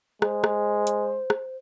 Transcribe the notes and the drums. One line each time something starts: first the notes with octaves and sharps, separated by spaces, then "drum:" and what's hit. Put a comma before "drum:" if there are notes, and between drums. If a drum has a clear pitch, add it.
G#3 C5, drum: rim click
drum: rim click
drum: hi-hat
drum: rim click